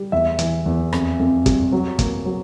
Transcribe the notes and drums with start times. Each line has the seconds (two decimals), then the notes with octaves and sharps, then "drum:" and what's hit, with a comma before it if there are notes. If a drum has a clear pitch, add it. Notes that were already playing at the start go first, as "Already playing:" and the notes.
Already playing: G3
0.12 E2 E5
0.39 E3, drum: hi-hat
0.66 E2
0.93 F2, drum: rim click
1.20 F2
1.46 G3, drum: kick, hi-hat
1.72 F#3
1.99 A#3, drum: kick, hi-hat
2.25 F#3